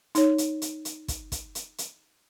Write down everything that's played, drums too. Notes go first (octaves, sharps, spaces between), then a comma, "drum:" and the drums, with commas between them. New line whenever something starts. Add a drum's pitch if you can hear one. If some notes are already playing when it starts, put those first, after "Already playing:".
D#4 C#5, drum: hi-hat
drum: hi-hat
drum: hi-hat
drum: hi-hat
drum: kick, hi-hat
drum: kick, hi-hat
drum: hi-hat
drum: hi-hat